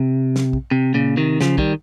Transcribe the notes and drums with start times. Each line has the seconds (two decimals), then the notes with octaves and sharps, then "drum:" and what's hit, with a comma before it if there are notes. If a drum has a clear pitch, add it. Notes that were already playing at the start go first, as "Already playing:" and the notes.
Already playing: C3
0.36 drum: snare
0.53 drum: kick
0.71 C3
0.94 A#2 C#3
1.17 C3 D#3
1.41 C#3 F3, drum: snare
1.58 D#3 G3, drum: kick